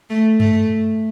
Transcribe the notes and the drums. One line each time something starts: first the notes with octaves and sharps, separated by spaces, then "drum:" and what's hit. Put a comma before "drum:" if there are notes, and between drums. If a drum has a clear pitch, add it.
A3
A3, drum: tom G2